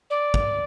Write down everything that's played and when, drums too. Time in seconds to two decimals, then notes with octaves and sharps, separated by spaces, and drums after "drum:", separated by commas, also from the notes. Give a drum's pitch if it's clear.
0.10 D5
0.34 drum: kick